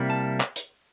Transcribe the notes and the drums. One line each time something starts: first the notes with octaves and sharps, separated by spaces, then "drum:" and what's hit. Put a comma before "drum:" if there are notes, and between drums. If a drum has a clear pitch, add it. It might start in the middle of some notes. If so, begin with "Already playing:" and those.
Already playing: C3 G3 A#3 E4
A5
drum: clap
drum: hi-hat